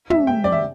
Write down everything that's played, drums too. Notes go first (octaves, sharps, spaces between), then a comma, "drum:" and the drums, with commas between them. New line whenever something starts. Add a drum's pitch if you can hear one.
E5, drum: tom
G5
D5
E5